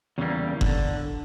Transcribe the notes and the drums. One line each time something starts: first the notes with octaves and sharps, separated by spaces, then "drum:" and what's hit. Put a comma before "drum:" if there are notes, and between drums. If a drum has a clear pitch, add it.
E2 C#3 E3 G3 A#3
D3, drum: kick F#1